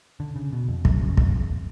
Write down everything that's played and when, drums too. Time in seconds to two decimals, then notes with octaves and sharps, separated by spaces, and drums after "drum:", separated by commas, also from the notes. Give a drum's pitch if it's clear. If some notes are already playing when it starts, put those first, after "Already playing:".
0.20 D3
0.36 C#3
0.53 B2
0.68 F2
0.85 F#2, drum: kick
1.01 C#3
1.17 F2, drum: kick